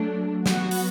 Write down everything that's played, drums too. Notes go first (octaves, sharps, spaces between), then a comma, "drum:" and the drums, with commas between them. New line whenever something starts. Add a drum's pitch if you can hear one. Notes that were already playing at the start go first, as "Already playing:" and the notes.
Already playing: F#3 A3 D4
F#3 B3 F#4, drum: snare
drum: open hi-hat